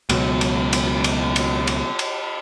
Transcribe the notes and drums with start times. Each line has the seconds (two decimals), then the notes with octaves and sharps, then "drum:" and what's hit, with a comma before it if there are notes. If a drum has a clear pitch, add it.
0.09 C#2 B2 F#3, drum: cymbal
0.41 drum: cymbal
0.73 drum: cymbal
1.04 drum: cymbal
1.36 drum: cymbal
1.67 drum: cymbal
1.99 drum: cymbal